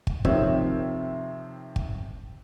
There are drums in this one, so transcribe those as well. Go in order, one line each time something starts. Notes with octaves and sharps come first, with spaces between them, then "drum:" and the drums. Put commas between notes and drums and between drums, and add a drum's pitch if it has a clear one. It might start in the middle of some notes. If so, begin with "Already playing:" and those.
drum: kick
C3 D#3 F3 C4 C#5 E5, drum: kick
drum: kick